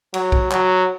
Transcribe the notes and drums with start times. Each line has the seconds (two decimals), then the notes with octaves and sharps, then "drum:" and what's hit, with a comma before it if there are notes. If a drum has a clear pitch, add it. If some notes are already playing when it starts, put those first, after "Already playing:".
0.14 F#3, drum: cymbal
0.32 drum: kick
0.51 F#3, drum: clap